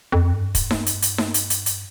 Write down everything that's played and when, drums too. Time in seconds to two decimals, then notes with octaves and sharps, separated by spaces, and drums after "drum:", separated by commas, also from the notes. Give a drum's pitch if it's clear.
0.12 F2
0.33 G2
0.55 drum: kick, hi-hat
0.71 drum: snare D#4
0.86 drum: hi-hat
1.02 drum: hi-hat
1.18 drum: snare D#4
1.34 drum: hi-hat
1.50 drum: hi-hat
1.66 drum: hi-hat